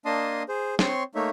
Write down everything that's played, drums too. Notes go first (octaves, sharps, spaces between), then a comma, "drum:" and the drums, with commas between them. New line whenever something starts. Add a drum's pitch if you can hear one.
A#3 D4 D#5 A5 C6 D#6
G#4 C5
C4 C#5 C6 C#6, drum: snare
A3 A#3 D#4 C#5 E5